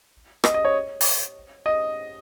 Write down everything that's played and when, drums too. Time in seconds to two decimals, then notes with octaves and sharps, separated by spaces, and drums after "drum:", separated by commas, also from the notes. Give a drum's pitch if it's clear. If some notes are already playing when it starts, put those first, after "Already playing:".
0.44 D#5, drum: rim click
0.54 D#5
0.65 C#5
1.01 drum: open hi-hat
1.66 D#5